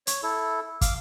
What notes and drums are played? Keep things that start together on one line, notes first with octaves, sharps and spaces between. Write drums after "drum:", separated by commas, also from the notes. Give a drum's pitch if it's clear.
C#5, drum: hi-hat
E4 A4
F5 D6, drum: kick, hi-hat